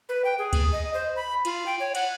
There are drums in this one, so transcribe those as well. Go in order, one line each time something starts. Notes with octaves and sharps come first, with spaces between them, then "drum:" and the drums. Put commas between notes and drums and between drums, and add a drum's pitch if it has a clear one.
B4
G5
G#4
drum: kick D2, cymbal
D#5
C5
B5
F4, drum: cymbal
G5
C#5
F#5, drum: cymbal